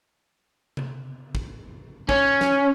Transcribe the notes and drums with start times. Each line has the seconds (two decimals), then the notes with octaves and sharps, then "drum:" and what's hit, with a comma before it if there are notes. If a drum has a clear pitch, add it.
0.77 drum: tom C3
1.35 drum: kick
2.09 C#4, drum: kick
2.41 drum: snare